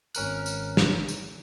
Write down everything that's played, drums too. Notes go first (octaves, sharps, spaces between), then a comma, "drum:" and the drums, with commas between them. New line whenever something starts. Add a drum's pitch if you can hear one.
G#1 C#4 A#4 F#6, drum: tambourine
drum: tambourine
drum: snare
drum: tambourine